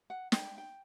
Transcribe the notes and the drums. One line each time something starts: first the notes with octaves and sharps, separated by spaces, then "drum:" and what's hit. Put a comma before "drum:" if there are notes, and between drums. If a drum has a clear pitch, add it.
F#5
G5, drum: snare
G5